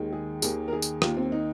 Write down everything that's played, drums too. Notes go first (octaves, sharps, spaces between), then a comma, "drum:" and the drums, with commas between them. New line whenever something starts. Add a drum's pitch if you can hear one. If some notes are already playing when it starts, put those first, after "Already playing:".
Already playing: D#2 D#3 G#3
G#4
D#2 D#3 A#3 G#4, drum: tambourine
A#4
G#4
drum: tambourine
D#2 D#3 A#3 F4, drum: rim click
C4
D#4